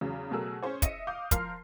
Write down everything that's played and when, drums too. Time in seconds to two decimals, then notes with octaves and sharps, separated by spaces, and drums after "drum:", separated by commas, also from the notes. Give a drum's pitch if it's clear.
0.01 E2 C#3 F#3
0.31 B2 F#3 A3 G#4 A#4 E6
0.63 C#4 G#4 C5 C#5
0.82 D#5 E5 A#6 C#7 D#7, drum: kick, hi-hat
1.07 F5 D6 D#6 G6
1.31 F3 A#4 C6 F6 C7, drum: kick, hi-hat